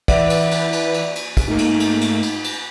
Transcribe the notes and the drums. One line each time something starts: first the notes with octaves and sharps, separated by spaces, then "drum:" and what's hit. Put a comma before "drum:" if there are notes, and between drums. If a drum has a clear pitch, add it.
E3 B4 D5 E5 F#5, drum: kick, cymbal
drum: cymbal
drum: cymbal
drum: cymbal
drum: cymbal
drum: cymbal
drum: kick, cymbal
G#2 A3 A#3 D#4
drum: cymbal
drum: cymbal
drum: cymbal
drum: cymbal
drum: cymbal